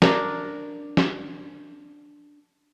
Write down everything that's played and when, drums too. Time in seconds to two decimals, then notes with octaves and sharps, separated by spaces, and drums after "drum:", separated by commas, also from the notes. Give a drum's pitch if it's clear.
0.02 D4 A#4, drum: snare
0.97 drum: snare